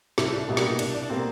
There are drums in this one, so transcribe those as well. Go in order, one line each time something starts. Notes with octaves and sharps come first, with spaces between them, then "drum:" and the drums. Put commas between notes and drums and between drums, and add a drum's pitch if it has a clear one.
C2 E4, drum: snare
D4
B2 G3 A#3 E4
D4, drum: snare
D#4
C2 D4, drum: cymbal
D4
B2 G3 A#3 C4